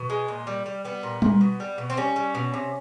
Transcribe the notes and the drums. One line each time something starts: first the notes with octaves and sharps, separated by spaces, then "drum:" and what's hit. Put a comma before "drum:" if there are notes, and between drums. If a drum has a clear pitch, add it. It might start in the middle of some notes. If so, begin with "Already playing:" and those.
Already playing: B2
G#3
A#2
G3
G3
G3 B3
A#2
A#2, drum: tom G3
B2
G3
B2
C4
G3 C#4
G3
B2
C3